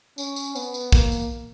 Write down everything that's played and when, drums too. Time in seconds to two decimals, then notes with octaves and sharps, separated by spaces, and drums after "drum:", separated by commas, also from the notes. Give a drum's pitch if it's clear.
0.18 C#4, drum: tambourine
0.36 drum: tambourine
0.55 B3, drum: tambourine
0.74 drum: tambourine
0.92 A#3, drum: kick, tambourine
1.12 drum: tambourine